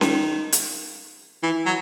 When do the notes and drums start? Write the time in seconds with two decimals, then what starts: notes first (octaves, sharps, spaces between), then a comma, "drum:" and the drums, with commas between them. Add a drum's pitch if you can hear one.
0.01 D#3, drum: snare C#4
0.52 drum: hi-hat
1.43 E3
1.66 F#3